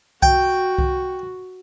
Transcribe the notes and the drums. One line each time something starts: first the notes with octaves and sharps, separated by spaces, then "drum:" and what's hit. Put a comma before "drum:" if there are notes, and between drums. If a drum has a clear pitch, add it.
F#4 G5, drum: kick C2
drum: kick C2